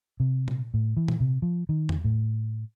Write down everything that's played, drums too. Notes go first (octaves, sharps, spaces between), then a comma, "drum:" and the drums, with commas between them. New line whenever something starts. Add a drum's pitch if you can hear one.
C3
drum: tom A#2
A2
E3
drum: tom A#2
C3
F3
D#3
drum: tom E2
A2